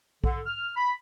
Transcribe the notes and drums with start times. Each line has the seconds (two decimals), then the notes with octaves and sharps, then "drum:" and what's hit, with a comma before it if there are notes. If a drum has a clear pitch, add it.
0.24 D3, drum: kick
0.46 F6
0.76 B5